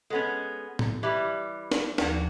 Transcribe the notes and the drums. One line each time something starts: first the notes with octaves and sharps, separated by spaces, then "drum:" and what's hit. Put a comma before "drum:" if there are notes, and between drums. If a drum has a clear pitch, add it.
G#3 B3 C#4 A4
drum: tom A2
E3 G3 G4 E5 D6
drum: snare
D#2 F3 A#3 F#4, drum: snare